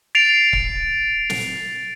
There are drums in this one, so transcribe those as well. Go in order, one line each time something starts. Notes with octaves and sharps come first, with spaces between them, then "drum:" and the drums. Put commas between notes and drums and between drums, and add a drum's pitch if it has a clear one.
A6 C7 D7 F7
drum: kick C#1
drum: snare